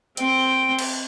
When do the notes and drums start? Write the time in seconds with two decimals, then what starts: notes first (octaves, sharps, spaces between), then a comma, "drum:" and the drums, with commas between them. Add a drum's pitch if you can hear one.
0.17 C4 G5, drum: hi-hat
0.79 drum: cymbal